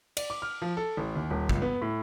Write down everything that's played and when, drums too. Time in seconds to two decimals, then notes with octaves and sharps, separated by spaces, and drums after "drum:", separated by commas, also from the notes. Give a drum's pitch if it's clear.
0.17 D5, drum: cymbal
0.30 D6
0.42 F6
0.62 F3
0.77 A4
0.97 A1
1.15 D#2
1.30 D#1
1.49 C#2, drum: kick
1.62 B3
1.82 A2